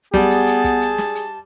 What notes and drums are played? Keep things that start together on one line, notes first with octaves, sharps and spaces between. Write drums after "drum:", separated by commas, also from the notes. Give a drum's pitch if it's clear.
G3 B3 G#4 A5, drum: kick, hi-hat
drum: hi-hat
drum: hi-hat
drum: kick, hi-hat
drum: hi-hat
drum: snare
drum: hi-hat